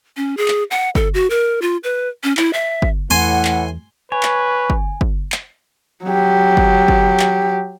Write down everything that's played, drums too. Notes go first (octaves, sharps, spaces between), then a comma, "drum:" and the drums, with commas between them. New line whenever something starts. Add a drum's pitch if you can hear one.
C#4
G#4
drum: clap
F#5
A4, drum: kick
F#4
A#4
F4
B4
C#4
E4, drum: clap
E5
drum: kick
E2 A2 E3 F#5 G#5 C6
drum: clap
B4 C#5 G#5
drum: clap
drum: kick
drum: kick
drum: clap
F#3 G4
drum: kick
drum: kick
drum: clap